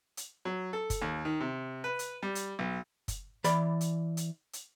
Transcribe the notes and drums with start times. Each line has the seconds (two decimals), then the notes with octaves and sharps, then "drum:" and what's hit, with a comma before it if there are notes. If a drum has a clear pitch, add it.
0.17 drum: hi-hat
0.45 F#3
0.73 A4
0.90 drum: kick, hi-hat
1.02 D#2
1.25 D#3
1.40 C3
1.84 B4
1.99 drum: hi-hat
2.22 G3
2.35 drum: hi-hat
2.59 B1
3.08 drum: kick, hi-hat
3.44 E3 D5 B5, drum: hi-hat
3.81 drum: hi-hat
4.17 drum: hi-hat
4.53 drum: hi-hat